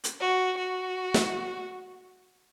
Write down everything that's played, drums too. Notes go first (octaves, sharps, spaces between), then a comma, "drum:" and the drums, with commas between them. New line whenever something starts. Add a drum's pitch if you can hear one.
drum: hi-hat
F#4
F#4
drum: snare